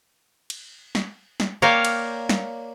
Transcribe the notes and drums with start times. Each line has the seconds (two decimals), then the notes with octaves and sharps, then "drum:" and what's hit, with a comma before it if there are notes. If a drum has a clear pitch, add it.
0.50 drum: cymbal
0.95 drum: snare
1.40 drum: snare
1.62 A#3 A#4 C#5 D5 F5 G5
1.85 drum: cymbal
2.29 drum: snare